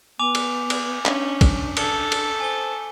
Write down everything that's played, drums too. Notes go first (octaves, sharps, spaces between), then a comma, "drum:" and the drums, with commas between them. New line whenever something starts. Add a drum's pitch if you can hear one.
B3 G#5 D6 F7
drum: cymbal
drum: cymbal
C#4 D4, drum: clap
drum: kick, cymbal
A4 C#7 G7, drum: cymbal
drum: cymbal
C5 G#5 G7